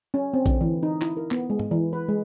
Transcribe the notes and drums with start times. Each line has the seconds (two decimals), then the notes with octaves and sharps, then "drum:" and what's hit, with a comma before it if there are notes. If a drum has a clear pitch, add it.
0.14 C#4
0.34 C4
0.46 D3, drum: kick A#1, hi-hat
0.61 E3
0.83 D#4
1.02 E4, drum: clap
1.17 A#4
1.31 B3, drum: clap
1.50 G#3
1.59 drum: tom G#2
1.71 E3
1.93 B4
2.09 G#3